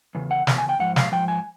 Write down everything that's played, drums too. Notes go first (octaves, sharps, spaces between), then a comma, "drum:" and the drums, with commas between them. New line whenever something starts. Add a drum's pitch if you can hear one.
E2 C#3
F#5
E2 C#3, drum: snare
G#5
G5
G#2 F3 F#5
F5, drum: snare
G#2 F3 G5
G#5